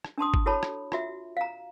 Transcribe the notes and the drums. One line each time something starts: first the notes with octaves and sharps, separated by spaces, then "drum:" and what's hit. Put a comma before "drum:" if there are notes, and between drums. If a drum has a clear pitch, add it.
drum: rim click
D4 A5 C6 D#6
drum: kick
E4 F#4 A4 C#5 A5 B5
drum: rim click
F4 F#4 E5, drum: rim click
F5 A#5